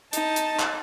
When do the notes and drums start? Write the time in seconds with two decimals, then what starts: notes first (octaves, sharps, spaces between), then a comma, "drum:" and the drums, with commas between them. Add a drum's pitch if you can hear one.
0.13 D#4 A5, drum: hi-hat
0.36 drum: hi-hat
0.59 drum: clap